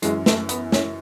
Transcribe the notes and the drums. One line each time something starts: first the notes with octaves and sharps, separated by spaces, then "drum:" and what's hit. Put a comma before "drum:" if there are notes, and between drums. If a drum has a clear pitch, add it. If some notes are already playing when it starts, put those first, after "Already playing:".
F#2 E3 G#3, drum: hi-hat
A3, drum: snare
B3, drum: hi-hat
C#4, drum: snare